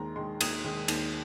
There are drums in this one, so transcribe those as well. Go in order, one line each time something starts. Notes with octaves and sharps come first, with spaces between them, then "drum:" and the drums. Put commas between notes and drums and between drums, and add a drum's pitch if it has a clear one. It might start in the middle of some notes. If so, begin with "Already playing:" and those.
Already playing: D#2 D#3 G#3 A#5 C6
D#3 G#3 C6
D#2 D#6, drum: cymbal
D#3 G#3
D#2, drum: cymbal